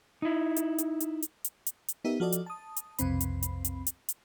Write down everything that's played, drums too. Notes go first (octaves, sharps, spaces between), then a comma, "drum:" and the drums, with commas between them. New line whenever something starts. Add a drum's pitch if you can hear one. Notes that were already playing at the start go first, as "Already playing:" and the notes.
D#4 E4
drum: hi-hat
drum: hi-hat
drum: hi-hat
drum: hi-hat
drum: hi-hat
drum: hi-hat
drum: hi-hat
B3 D#4 G4 A#4 E5
F3 F#4 A4 D5 D#5
drum: hi-hat
A5 D#6
drum: hi-hat
B1 F2 C3 C4 B5, drum: hi-hat
drum: hi-hat
drum: hi-hat
drum: hi-hat
drum: hi-hat
drum: hi-hat